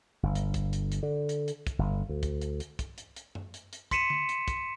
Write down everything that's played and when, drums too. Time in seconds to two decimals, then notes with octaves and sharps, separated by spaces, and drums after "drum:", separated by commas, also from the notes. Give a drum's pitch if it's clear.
0.23 G1
0.35 drum: hi-hat
0.54 drum: kick, hi-hat
0.73 drum: hi-hat
0.92 drum: hi-hat
1.03 D3
1.29 drum: hi-hat
1.48 drum: hi-hat
1.67 drum: kick, hi-hat
1.79 G1
2.09 D2
2.23 drum: kick, hi-hat
2.42 drum: hi-hat
2.60 drum: hi-hat
2.79 drum: kick, hi-hat
2.98 drum: hi-hat
3.16 drum: hi-hat
3.35 drum: tom F#2
3.54 drum: hi-hat
3.73 drum: hi-hat
3.91 C6 B6 C#7 D#7 E7, drum: kick, hi-hat
4.10 drum: tom D3
4.29 drum: hi-hat
4.48 drum: kick, hi-hat